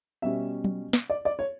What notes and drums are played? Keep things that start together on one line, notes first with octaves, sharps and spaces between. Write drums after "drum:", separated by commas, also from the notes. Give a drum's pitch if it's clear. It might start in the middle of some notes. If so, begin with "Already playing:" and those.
B2 G3 C#4 E5
drum: tom F#3
drum: snare
D5
D5
C#5